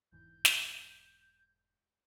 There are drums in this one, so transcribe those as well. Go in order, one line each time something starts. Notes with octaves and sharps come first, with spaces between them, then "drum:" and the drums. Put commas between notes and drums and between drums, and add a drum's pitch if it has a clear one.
E1 G#2 E3 G6
drum: snare